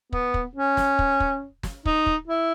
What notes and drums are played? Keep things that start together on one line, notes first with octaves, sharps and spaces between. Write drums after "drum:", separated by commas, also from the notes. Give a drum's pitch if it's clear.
B3, drum: kick
drum: kick
C#4
drum: snare
drum: kick
drum: kick
drum: snare
D#4, drum: kick
drum: kick
E4